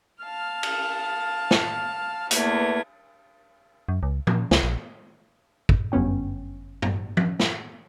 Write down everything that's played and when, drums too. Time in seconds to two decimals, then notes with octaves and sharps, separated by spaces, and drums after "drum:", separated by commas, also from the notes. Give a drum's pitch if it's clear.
0.23 F5 A5 F6
0.63 drum: cymbal
1.51 drum: snare
2.31 E2 A3 A#3 G#6, drum: hi-hat
3.89 F#2
4.03 C#2
4.27 A#2, drum: tom F3
4.51 C#2, drum: snare
4.63 A#1
5.69 drum: kick
5.92 G1 F#2 B3 C#4 G5
6.82 drum: tom G2
7.17 drum: tom F3
7.40 drum: snare